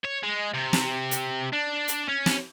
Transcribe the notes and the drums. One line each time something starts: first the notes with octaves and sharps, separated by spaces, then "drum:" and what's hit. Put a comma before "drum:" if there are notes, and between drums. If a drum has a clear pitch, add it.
C#5
G#3
C3
drum: snare
drum: hi-hat
D4
drum: hi-hat
C#4
drum: snare